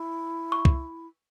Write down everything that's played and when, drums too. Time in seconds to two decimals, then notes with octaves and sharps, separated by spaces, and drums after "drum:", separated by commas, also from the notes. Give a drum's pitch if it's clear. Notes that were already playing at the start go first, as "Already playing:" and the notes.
Already playing: E4
0.52 C#6
0.65 drum: kick